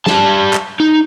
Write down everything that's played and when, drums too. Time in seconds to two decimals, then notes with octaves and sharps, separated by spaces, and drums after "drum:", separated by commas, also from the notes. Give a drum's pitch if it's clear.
0.06 G3 A5, drum: snare
0.53 drum: clap
0.80 D#4